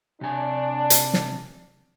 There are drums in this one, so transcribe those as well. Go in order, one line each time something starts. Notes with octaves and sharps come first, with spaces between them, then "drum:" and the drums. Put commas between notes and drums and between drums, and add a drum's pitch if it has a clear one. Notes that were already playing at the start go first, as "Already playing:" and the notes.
C3 D4 G#5
drum: hi-hat
drum: snare